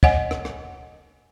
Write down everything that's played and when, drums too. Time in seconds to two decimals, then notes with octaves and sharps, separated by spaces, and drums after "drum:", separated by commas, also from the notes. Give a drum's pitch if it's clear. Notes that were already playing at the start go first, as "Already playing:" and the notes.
0.03 C#5 D#5 F#5 G#5, drum: kick
0.31 drum: rim click
0.45 drum: rim click